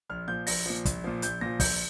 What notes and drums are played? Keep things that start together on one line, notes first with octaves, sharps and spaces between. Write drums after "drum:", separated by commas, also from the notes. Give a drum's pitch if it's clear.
A#1 F6
A#2 F3 G6
A#1 A#6, drum: open hi-hat
A#2 F3
A#1, drum: kick, hi-hat
A#2 F3
A#1 G6, drum: hi-hat
A#2 F3 A#6
A#1 G6, drum: kick, open hi-hat